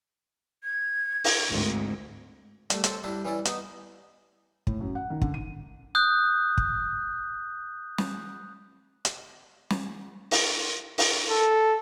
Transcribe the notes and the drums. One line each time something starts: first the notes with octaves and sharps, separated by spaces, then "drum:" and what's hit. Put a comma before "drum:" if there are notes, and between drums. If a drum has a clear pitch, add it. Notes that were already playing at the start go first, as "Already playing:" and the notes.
G#6
drum: open hi-hat
G#1 D2 G#2
G3 A3, drum: hi-hat
C4 A4 C#5, drum: hi-hat
G3 D4 E4 G4
E3 G3 C#4 E4 D5
B3 D#4, drum: hi-hat
A2, drum: kick
F#2
F#5
D#3
D3, drum: kick
D#7
D#6 F#6 G6
drum: kick
drum: snare
drum: hi-hat
drum: snare
drum: open hi-hat
drum: open hi-hat
A4